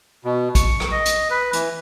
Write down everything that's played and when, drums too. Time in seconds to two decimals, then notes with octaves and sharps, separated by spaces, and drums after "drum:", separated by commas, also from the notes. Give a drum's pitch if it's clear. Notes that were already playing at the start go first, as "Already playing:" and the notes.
0.25 B2
0.55 C#6, drum: kick A#1, hi-hat
0.80 drum: rim click
0.92 D#5
1.05 drum: hi-hat
1.30 B4
1.53 E3, drum: hi-hat